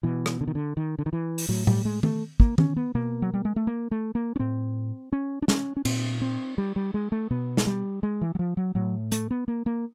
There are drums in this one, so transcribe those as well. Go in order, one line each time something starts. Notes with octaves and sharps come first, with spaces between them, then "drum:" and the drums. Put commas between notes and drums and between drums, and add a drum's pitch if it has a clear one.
B2 E3
drum: rim click
D3
D#3
D3
D#3
D3
D#3
E3
drum: open hi-hat
A2 F#3
G3, drum: tom A2
G#3
A3, drum: tom D#3
A#3, drum: kick
C#4, drum: tom D#3
B3
B2 A#3
F#3
G3
G#3
A3
A#3
A3
A#3
C#4
A2 C4
C#4
D4
C#4, drum: snare
C#4
A#2 C4, drum: cymbal
C4
G3
G3
G#3
A3
B2 B3
drum: snare
G3
G#3
E3
F#3
F3
F#3
A2 F#3
A3, drum: hi-hat
B3
A#3
A#3